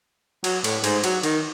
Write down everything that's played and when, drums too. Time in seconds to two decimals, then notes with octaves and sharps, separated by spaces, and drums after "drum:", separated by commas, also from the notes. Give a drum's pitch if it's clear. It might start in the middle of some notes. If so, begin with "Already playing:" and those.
0.44 F#3, drum: cymbal
0.64 A2, drum: cymbal
0.84 G#2, drum: cymbal
1.04 F#3, drum: cymbal
1.23 D#3, drum: cymbal